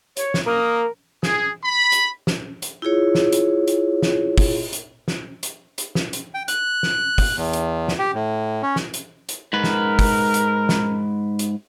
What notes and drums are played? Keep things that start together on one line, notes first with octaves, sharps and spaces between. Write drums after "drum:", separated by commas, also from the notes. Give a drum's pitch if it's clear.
C#5, drum: hi-hat
drum: snare
A#3 A#4 D#6
G#4, drum: snare
B5
drum: hi-hat
drum: snare
drum: hi-hat
E4 F4 G#4 C#5
drum: snare
drum: hi-hat
drum: hi-hat
drum: snare
drum: kick, open hi-hat
drum: hi-hat
drum: snare
drum: hi-hat
drum: hi-hat
drum: snare
drum: hi-hat
G5
F#6, drum: hi-hat
drum: snare
drum: kick, open hi-hat
E2
drum: hi-hat
drum: snare
G4
A2
C#4
drum: snare
drum: hi-hat
drum: hi-hat
G#2 A#4 B4
drum: snare
drum: kick, open hi-hat
drum: hi-hat
drum: snare
drum: hi-hat